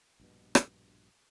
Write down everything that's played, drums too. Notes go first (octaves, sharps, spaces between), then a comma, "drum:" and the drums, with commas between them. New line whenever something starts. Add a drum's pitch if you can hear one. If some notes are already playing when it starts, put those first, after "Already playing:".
A#1 G2 B2
drum: rim click